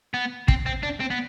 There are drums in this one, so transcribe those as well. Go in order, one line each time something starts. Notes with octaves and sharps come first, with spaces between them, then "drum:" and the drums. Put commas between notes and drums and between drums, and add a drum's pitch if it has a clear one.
B3
C4, drum: kick
C4
D4
C4
B3